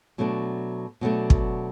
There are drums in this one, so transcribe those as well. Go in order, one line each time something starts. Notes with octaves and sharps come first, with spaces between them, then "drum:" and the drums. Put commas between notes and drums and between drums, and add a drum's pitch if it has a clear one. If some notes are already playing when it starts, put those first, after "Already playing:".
B2 F#3 A3 D4
B2 F#3 A3 D4
drum: kick